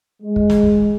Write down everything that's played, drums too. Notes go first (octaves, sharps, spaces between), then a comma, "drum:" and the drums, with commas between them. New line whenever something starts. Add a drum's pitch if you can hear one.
G#3
drum: kick
drum: snare
drum: kick